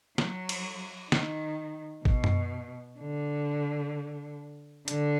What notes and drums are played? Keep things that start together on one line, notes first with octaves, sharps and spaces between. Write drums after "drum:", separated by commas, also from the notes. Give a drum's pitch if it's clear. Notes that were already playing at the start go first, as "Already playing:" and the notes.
F#3, drum: snare
drum: cymbal
D#3, drum: snare
B2, drum: kick
drum: tom F#2
D3
D3, drum: hi-hat